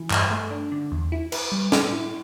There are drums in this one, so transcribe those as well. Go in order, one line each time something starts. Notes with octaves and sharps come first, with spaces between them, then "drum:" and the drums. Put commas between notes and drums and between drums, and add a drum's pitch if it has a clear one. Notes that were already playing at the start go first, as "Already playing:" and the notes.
Already playing: E3
G2, drum: clap
A3
D4
D3
E2
E4
B4, drum: cymbal
G3
A2, drum: snare
E4